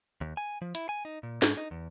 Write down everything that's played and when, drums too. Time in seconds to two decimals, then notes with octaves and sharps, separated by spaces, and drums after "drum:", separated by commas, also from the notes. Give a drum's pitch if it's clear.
0.21 D#2
0.37 G#5
0.62 F3
0.75 E4, drum: hi-hat
0.89 G#5
1.05 D#4
1.23 A#2
1.42 G#2, drum: snare
1.57 D#4
1.71 E2